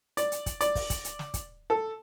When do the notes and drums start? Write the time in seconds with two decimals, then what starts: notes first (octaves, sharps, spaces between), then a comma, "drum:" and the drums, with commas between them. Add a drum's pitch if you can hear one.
0.17 D5, drum: hi-hat
0.32 drum: hi-hat
0.46 drum: kick, hi-hat
0.61 D5, drum: hi-hat
0.75 drum: kick, open hi-hat
0.90 drum: kick, hi-hat
1.05 drum: hi-hat
1.19 drum: snare
1.34 drum: kick, hi-hat
1.70 A4